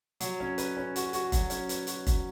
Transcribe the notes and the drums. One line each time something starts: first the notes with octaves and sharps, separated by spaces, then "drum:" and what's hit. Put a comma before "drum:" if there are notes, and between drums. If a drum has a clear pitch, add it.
F#3, drum: hi-hat
C#4
B4, drum: hi-hat
C#4
F#4, drum: hi-hat
F#4, drum: hi-hat
F#3, drum: kick, hi-hat
C#4, drum: hi-hat
B4, drum: hi-hat
F#4, drum: hi-hat
F#3, drum: kick, hi-hat